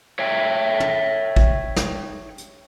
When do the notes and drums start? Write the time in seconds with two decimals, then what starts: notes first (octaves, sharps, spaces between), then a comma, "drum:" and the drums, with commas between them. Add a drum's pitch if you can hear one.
0.19 C#5 E5 G5
0.80 drum: tom
1.36 drum: kick
1.76 drum: snare
2.38 drum: hi-hat